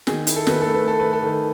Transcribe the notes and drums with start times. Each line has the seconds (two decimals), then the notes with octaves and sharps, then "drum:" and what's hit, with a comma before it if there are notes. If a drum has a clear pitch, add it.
0.07 D#3 G#4, drum: snare
0.27 E4, drum: hi-hat
0.36 A4
0.47 D#3 B4, drum: snare
0.62 A3 A4
0.74 B4
0.84 A3 A4
1.00 A3 B4
1.13 A4
1.23 D#3